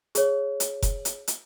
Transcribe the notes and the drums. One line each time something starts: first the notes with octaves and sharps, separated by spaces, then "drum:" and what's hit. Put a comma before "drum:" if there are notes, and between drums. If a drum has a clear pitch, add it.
G#4 C#5, drum: hi-hat
drum: hi-hat
drum: kick F1, hi-hat
drum: hi-hat
drum: hi-hat